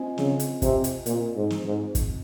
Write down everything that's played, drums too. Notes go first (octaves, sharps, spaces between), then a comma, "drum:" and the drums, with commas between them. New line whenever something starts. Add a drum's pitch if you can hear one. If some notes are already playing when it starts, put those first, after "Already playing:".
Already playing: C4 F4 C5 D#5 G#5
C#3, drum: snare
drum: hi-hat
C3, drum: kick, hi-hat
drum: hi-hat
A#2, drum: hi-hat
G#2
drum: snare
G#2
drum: kick, hi-hat